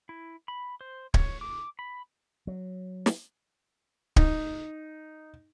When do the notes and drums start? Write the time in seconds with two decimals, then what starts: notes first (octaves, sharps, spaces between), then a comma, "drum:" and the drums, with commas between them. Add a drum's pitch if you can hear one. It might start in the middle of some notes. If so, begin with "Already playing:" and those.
0.09 E4
0.48 B5
0.81 C5
1.14 C#5, drum: kick D1
1.41 D6
1.79 B5
2.47 F#3
3.06 drum: snare
4.16 D#4, drum: kick D1